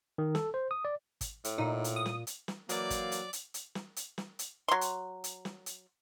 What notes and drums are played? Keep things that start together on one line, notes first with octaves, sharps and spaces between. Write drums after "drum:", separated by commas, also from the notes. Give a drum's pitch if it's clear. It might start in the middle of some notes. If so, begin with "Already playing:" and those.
D#3
A4, drum: snare
C5
D#6
D5
drum: kick, hi-hat
A2, drum: hi-hat
A#2 D#4
drum: hi-hat
D#6
drum: snare
drum: hi-hat
drum: snare
E3 F#3 A#3 D5, drum: hi-hat
drum: kick, hi-hat
drum: hi-hat
drum: hi-hat
drum: hi-hat
drum: snare
drum: hi-hat
drum: snare
drum: hi-hat
F#3 C6
drum: hi-hat
drum: hi-hat
drum: snare
drum: hi-hat